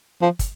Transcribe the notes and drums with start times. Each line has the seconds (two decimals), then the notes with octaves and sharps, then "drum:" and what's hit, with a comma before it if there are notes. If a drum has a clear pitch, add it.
0.22 F3
0.39 drum: kick, hi-hat